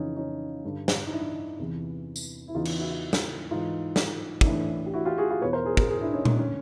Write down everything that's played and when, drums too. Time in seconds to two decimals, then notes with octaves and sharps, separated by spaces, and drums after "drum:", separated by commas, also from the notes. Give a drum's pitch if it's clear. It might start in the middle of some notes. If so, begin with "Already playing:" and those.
Already playing: F2 C#3 E3 C#4 D#4
0.16 C#4 D#4
0.64 G2 D3
0.88 drum: snare
1.06 D#4
1.12 D4 E4
1.59 E2 C3 E3
2.16 drum: tambourine
2.48 E4
2.54 E2 C#3 E3 D#4 F4
2.65 drum: cymbal
2.78 E4 F#4
3.13 drum: snare
3.51 G#2 E3 D#4 F4
3.96 drum: snare
4.41 D#4, drum: kick
4.46 A2 E3 D4 E4
4.86 G4
4.93 E4 F#4
5.05 F4 G4
5.18 F#4 G#4
5.30 F4 G4
5.42 E2 B2 B4 C#5
5.53 A#4 C5
5.65 G#4 A#4
5.77 G#4 A#4, drum: kick
5.90 G#4 A#4
6.01 D4 E4
6.13 C#4 D#4
6.25 D4, drum: tom A#2
6.37 D3 C#4